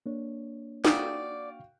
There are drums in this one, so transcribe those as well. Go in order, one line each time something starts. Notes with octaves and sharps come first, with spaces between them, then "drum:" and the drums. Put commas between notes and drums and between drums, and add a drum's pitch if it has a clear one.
A#3 D4 C#5
F#4 D5 F5 G5 D#6, drum: snare